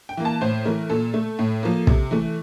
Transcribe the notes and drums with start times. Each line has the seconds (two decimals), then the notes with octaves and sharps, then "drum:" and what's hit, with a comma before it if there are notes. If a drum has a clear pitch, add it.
0.09 G5
0.17 E3 A#3
0.25 A5
0.41 A2 C5
0.65 E3 A3 A#4
0.90 A#2 A4
1.14 A3
1.39 A2
1.63 F3 A#3
1.87 C3, drum: kick
2.11 E3 A3